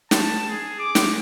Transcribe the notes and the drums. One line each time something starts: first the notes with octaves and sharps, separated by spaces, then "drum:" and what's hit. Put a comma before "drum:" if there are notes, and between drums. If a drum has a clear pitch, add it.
A5, drum: snare
G#4
D6
drum: snare